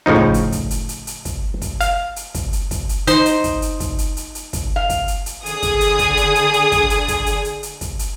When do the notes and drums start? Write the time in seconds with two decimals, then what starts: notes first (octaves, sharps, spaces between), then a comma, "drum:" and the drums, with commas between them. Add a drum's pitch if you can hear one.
0.06 A2 C#3 F3 D#4
0.16 drum: kick
0.34 drum: hi-hat
0.52 drum: kick, hi-hat
0.71 drum: hi-hat
0.89 drum: hi-hat
1.07 drum: hi-hat
1.25 drum: kick, hi-hat
1.62 drum: kick, hi-hat
1.81 F5, drum: hi-hat
2.16 drum: hi-hat
2.34 drum: kick, hi-hat
2.53 drum: hi-hat
2.71 drum: kick, hi-hat
2.89 drum: hi-hat
3.07 D#4 C5 C6, drum: hi-hat
3.26 drum: hi-hat
3.44 drum: kick, hi-hat
3.62 drum: hi-hat
3.80 drum: kick, hi-hat
3.98 drum: hi-hat
4.17 drum: hi-hat
4.35 drum: hi-hat
4.53 drum: kick, hi-hat
4.76 F5
4.90 drum: kick, hi-hat
5.08 drum: hi-hat
5.26 drum: hi-hat
5.46 D3 G#4 D#6, drum: hi-hat
5.62 drum: kick, hi-hat
5.81 drum: hi-hat
5.99 drum: kick, hi-hat
6.17 drum: hi-hat
6.35 drum: hi-hat
6.53 drum: hi-hat
6.72 drum: kick, hi-hat
6.90 drum: hi-hat
7.08 drum: kick, hi-hat
7.26 drum: hi-hat
7.45 drum: hi-hat
7.63 drum: hi-hat
7.81 drum: kick, hi-hat
7.99 drum: hi-hat